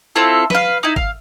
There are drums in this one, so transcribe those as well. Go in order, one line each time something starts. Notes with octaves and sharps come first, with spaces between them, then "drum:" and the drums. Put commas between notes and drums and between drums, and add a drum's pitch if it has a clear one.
C4 E4 F4 A4
B4 F5, drum: snare
D#4 E4
F5, drum: kick